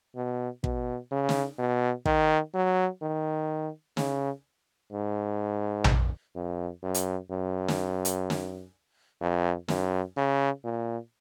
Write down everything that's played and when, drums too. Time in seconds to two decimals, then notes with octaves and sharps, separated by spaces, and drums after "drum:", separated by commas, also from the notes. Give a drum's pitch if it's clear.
0.16 B2
0.64 B2, drum: kick
1.11 C#3
1.29 drum: snare
1.58 B2
2.05 D#3, drum: kick
2.54 F#3
3.02 D#3
3.97 C#3, drum: snare
4.92 G#2
5.84 drum: tom A#1
6.35 F2
6.83 F#2
6.94 drum: hi-hat
7.31 F#2
7.68 drum: snare
8.05 drum: hi-hat
8.30 drum: snare
9.21 F2
9.68 F#2, drum: snare
10.17 C#3
10.64 A#2